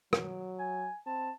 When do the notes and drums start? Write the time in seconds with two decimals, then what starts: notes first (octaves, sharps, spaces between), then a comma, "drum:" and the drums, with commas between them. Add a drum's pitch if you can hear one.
0.13 F#3, drum: rim click
0.59 G#5
1.06 C4 A5